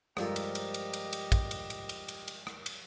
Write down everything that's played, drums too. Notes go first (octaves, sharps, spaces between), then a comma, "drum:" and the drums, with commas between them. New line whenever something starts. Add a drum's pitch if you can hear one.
G2 F3 G#3 G4 A4 A#4 D#5, drum: rim click
drum: cymbal
drum: cymbal
drum: cymbal
drum: cymbal
drum: cymbal
drum: kick, cymbal
drum: cymbal
drum: cymbal
drum: cymbal
drum: cymbal
drum: cymbal
drum: rim click
drum: cymbal